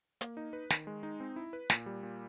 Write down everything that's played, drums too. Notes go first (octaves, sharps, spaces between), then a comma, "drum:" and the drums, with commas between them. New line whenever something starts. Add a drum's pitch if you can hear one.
A#3, drum: hi-hat
D#4
B4
D#3, drum: snare
G#3
D#4
C4
E4
B4
A#2, drum: snare
G3
A#2